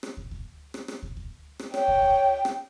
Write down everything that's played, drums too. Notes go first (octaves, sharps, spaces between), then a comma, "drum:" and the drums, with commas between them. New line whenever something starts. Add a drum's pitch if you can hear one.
drum: rim click
drum: kick
drum: kick
drum: rim click
drum: rim click
drum: kick
drum: kick
drum: rim click
C#5 G5, drum: rim click
drum: kick
drum: kick
drum: rim click